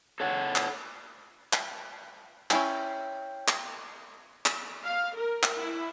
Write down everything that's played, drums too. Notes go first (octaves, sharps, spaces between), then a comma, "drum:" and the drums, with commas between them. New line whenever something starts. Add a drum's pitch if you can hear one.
A4 C#5 F#5
drum: clap
drum: clap
C#4 E4 G5 G#5 G6, drum: clap
drum: clap
drum: clap
F5
A#4
drum: clap
E4